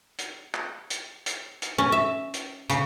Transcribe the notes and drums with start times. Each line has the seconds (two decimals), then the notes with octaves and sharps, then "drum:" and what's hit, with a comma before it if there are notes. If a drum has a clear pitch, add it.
0.18 drum: hi-hat
0.54 drum: clap
0.90 drum: hi-hat
1.26 drum: hi-hat
1.62 drum: hi-hat
1.78 C#4
1.92 E5
2.34 drum: hi-hat
2.70 C#3, drum: hi-hat